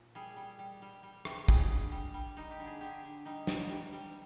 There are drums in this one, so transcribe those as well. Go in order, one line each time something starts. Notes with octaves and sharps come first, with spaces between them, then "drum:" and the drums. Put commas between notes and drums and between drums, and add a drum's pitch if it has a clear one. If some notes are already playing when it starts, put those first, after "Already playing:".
Already playing: A#2
G3 G#4
G3
G3
G3
G3
G3, drum: rim click
G3 G#4, drum: kick
D3
G3
G3
G3 D#4
G4
D3
G#4
D3 G4
D3
G3 D#4
D3, drum: snare
G3
G3